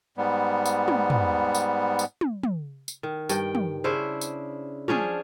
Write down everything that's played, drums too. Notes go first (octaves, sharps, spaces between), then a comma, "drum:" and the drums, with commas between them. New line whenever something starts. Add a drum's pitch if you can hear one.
G#2 G3 B3
drum: tambourine
drum: tom
drum: tom
drum: tambourine
drum: tambourine
drum: tom
drum: tom
drum: tambourine
D#3
G2 G5, drum: tambourine
drum: tom
C#3 D4 E4 C5
drum: tambourine
F3 C#4 D4 G#4, drum: tom